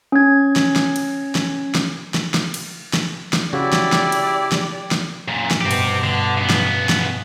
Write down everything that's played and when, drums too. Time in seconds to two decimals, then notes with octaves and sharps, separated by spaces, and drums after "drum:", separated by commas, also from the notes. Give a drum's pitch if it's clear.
0.12 C#4 G#6
0.56 drum: snare
0.76 drum: snare
0.96 drum: cymbal
1.35 drum: snare
1.75 drum: snare
2.14 drum: snare
2.34 drum: snare
2.54 drum: cymbal
2.94 drum: snare
3.33 drum: snare
3.53 C#3 E4 F#4 G4 D5
3.73 drum: snare
3.93 drum: snare
4.12 drum: cymbal
4.52 drum: snare
4.91 drum: snare
5.28 F#2 A#2
5.51 drum: snare
5.61 G2 B2 C4 G4
5.71 drum: cymbal
6.04 D3
6.38 C#3 B3
6.50 drum: snare
6.89 drum: snare